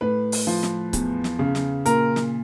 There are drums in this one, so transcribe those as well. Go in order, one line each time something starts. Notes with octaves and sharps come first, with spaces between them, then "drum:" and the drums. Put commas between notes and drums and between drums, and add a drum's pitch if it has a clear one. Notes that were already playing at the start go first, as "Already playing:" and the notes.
A2 B4
drum: open hi-hat
F3
drum: snare
E2, drum: kick C#1, hi-hat
drum: snare
C#3
drum: snare
A#2 A#4, drum: hi-hat
drum: snare